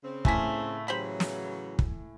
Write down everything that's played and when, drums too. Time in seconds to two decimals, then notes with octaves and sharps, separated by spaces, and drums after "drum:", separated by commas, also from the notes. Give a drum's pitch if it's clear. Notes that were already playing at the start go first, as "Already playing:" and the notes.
0.03 C#3 C4
0.25 A2 A3 A#3 G#5 B6, drum: kick
0.88 C#3 E3 F#3 G4 C5 B5
1.20 drum: snare
1.79 drum: kick